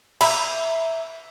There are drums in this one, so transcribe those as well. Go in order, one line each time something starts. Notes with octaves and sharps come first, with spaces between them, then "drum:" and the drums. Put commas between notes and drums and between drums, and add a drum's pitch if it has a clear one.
E5 A#5 B5, drum: cymbal